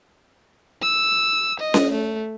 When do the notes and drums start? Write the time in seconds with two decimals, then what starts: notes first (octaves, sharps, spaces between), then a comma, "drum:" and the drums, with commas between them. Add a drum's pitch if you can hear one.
0.82 E6
1.60 D#5
1.74 drum: snare C#4
1.92 A3